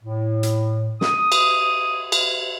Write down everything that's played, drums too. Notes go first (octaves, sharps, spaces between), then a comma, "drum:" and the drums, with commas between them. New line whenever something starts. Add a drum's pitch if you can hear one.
A2
drum: hi-hat
D#6, drum: snare
drum: cymbal
drum: cymbal